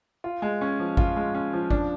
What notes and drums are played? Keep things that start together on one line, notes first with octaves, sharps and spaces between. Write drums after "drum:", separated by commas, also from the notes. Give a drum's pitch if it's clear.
F4
G#3
C#4
F3
F4, drum: kick G#1
G#3
C#4
F3
D4, drum: kick G#1